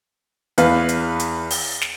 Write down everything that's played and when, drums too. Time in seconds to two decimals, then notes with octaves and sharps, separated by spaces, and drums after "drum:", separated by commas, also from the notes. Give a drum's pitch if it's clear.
0.58 E2 B4 F5, drum: hi-hat
0.89 drum: hi-hat
1.20 drum: hi-hat
1.51 drum: open hi-hat
1.81 drum: snare